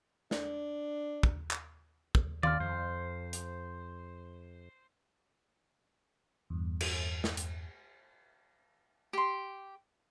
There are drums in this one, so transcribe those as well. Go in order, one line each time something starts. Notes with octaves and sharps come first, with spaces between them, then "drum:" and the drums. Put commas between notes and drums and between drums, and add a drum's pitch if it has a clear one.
D4, drum: snare
drum: kick
drum: clap
drum: kick
D#2 D5 F5 C6 F6, drum: tom D#3
F2 C5
drum: hi-hat
E2 G2
drum: cymbal
drum: snare
drum: hi-hat
G4 C6